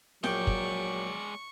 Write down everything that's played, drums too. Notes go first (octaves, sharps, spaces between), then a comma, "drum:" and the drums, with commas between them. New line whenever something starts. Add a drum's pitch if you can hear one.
A#1 F#3 G#3 D5 G5 C#6, drum: snare
drum: kick